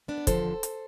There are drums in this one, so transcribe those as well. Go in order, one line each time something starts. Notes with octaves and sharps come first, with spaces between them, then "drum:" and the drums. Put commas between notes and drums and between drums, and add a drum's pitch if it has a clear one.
B3 D4
D5
E2 D3 F3 A4 C5, drum: kick, hi-hat
drum: hi-hat